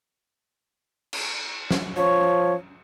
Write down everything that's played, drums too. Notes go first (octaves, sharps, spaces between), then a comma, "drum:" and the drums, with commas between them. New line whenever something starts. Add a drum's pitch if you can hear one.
drum: cymbal
drum: snare
F3 C#5